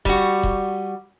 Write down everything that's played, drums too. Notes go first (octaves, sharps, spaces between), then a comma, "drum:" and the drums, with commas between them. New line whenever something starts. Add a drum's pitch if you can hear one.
G3 F#4, drum: kick E1
drum: kick E1